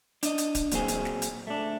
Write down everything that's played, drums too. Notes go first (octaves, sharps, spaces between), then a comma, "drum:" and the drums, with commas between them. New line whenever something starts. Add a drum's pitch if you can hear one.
D4 D#5, drum: hi-hat
drum: hi-hat
drum: kick, hi-hat
A#2 F#3 C4 G#4, drum: hi-hat
drum: hi-hat
drum: snare
drum: hi-hat
A3 D4